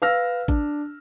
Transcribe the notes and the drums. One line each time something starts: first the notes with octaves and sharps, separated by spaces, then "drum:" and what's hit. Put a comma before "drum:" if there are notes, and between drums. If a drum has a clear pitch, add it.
B4 F5 E6 F6 A#6
D4, drum: kick G#1